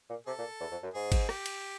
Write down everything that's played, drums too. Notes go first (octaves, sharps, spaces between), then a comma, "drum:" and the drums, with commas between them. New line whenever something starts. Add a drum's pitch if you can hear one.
A#2
C3 A4
A#2
E2
F2
F#2
G#2 G#4
drum: kick G#1, cymbal
G4, drum: rim click
drum: cymbal